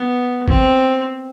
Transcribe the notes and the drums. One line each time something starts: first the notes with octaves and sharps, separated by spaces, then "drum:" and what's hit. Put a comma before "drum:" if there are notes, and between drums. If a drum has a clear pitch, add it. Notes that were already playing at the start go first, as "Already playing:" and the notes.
Already playing: B3
C4, drum: kick G#1